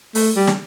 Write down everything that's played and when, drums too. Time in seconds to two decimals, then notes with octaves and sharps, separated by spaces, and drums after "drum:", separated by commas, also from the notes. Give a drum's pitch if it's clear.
0.15 A3, drum: open hi-hat
0.36 G3
0.48 drum: snare